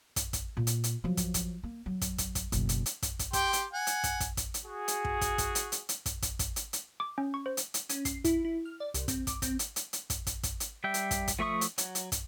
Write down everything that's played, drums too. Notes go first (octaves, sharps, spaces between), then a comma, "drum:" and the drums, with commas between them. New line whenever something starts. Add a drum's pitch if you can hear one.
drum: kick, hi-hat
drum: kick, hi-hat
A#2
drum: hi-hat
drum: hi-hat
F3 F#3
drum: kick, hi-hat
drum: kick, hi-hat
A#3
F#3
drum: kick, hi-hat
drum: kick, hi-hat
drum: kick, hi-hat
F#1 B1, drum: hi-hat
drum: hi-hat
drum: hi-hat
drum: kick, hi-hat
drum: kick, hi-hat
G4 G5 C6, drum: kick, hi-hat
drum: hi-hat
F#5 G#5
drum: hi-hat
drum: kick, hi-hat
drum: kick, hi-hat
drum: kick, hi-hat
drum: hi-hat
F#4 G#4
drum: hi-hat
drum: kick
drum: kick, hi-hat
drum: kick, hi-hat
drum: hi-hat
drum: hi-hat
drum: hi-hat
drum: kick, hi-hat
drum: kick, hi-hat
drum: kick, hi-hat
drum: hi-hat
drum: hi-hat
D6
C#4
C#6
C5
drum: hi-hat
drum: hi-hat
C#4, drum: hi-hat
C7, drum: kick, hi-hat
E4, drum: kick, hi-hat
E4
F6
D5
C2, drum: hi-hat
C4, drum: kick, hi-hat
D6, drum: kick, hi-hat
C4, drum: kick, hi-hat
drum: hi-hat
drum: hi-hat
drum: hi-hat
drum: kick, hi-hat
drum: kick, hi-hat
drum: kick, hi-hat
drum: hi-hat
G3 E5 G5
drum: hi-hat
drum: kick, hi-hat
drum: kick, hi-hat
F3 A3 E5 C#6 D#6
drum: hi-hat
F#3, drum: hi-hat
drum: hi-hat
drum: kick, hi-hat